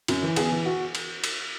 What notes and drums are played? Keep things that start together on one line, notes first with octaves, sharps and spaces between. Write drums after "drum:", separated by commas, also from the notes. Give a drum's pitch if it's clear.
F#2, drum: cymbal
E3
E2 G#4, drum: cymbal
E3
F#4
drum: cymbal
drum: cymbal